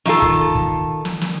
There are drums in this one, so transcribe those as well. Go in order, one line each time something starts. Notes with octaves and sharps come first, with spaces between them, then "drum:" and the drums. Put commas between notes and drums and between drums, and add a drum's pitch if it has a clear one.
D#3 F4 A4, drum: snare
drum: kick
drum: kick
drum: snare
drum: snare